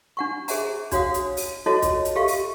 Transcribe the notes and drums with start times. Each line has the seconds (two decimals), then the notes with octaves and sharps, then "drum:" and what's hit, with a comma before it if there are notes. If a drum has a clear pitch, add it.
0.17 D4 F#5 C#6
0.48 G#4 C5 E5 F#5 A#5, drum: open hi-hat
0.91 D4 F#4 C#5 F5 F#5 D#6, drum: kick B1, hi-hat
1.14 drum: hi-hat
1.37 drum: open hi-hat
1.66 F4 F#4 A4 C#5 D#5 A5
1.82 drum: kick B1, hi-hat
2.05 drum: hi-hat
2.16 G4 A4 E5 F5 C#6
2.28 drum: open hi-hat